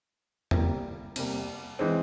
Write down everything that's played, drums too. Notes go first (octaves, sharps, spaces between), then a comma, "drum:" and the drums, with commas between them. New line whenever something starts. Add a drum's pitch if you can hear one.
C3 G3 A#3, drum: tom E2
C3 G3 A#3, drum: cymbal
E3 G#3 C4